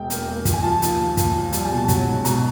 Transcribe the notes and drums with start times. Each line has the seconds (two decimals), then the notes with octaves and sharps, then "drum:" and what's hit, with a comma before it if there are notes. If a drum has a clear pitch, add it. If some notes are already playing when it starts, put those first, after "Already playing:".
Already playing: E1 G5
0.10 A#3, drum: hi-hat
0.28 A#3
0.45 F3, drum: kick, hi-hat
0.53 G#5
0.63 F3 A5
0.82 D#2, drum: hi-hat
0.99 D#2
1.17 A#2, drum: kick, hi-hat
1.35 F3
1.52 G3 A5, drum: hi-hat
1.65 G#5
1.72 B2
1.78 A5
1.88 F#3, drum: kick, hi-hat
2.07 G#2
2.25 B2 A#5, drum: hi-hat